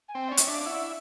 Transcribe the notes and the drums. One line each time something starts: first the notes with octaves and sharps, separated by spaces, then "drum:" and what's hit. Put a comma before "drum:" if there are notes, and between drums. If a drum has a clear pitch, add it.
G#5
C4 G5
C#4 D5
D#5, drum: hi-hat
D4 E5
F5
E4 F#5